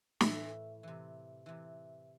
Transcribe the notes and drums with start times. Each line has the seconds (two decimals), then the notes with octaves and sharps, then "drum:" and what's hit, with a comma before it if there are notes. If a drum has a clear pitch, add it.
0.21 A2 E3 E5, drum: snare
0.83 C3 E3
1.46 C3 E3